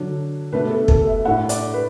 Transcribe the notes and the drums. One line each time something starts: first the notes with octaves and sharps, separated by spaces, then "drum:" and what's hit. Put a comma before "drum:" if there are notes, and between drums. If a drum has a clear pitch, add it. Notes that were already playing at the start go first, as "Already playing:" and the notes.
Already playing: D3 F#3 D4
B2 A3 D4 B4
A4
A4, drum: kick
E5
A2 A3 D4 F#5
D5, drum: hi-hat
B4